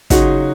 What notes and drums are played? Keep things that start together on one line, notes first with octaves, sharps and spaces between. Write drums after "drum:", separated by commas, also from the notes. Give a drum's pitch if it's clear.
C#3 F#3 C#4 D#4 F4 F#4 G#4, drum: kick, hi-hat